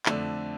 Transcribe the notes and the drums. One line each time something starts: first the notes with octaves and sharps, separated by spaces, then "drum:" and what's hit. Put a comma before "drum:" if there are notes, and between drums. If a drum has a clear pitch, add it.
F2 D3 A3 D4 A4, drum: clap